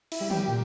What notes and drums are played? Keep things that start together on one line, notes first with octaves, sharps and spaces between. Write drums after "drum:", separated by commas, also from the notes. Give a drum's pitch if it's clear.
E4, drum: cymbal
G3
G4, drum: tom
A#2